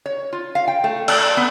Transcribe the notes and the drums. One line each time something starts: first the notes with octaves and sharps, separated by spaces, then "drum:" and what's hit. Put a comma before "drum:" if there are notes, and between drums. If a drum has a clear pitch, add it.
C#5
F4
F5
G5
A3
D5, drum: cymbal
B3